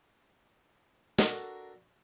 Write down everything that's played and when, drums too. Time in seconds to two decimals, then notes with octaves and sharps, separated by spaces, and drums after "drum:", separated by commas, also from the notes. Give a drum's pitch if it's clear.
1.18 D4 F#4 A4 A#4, drum: snare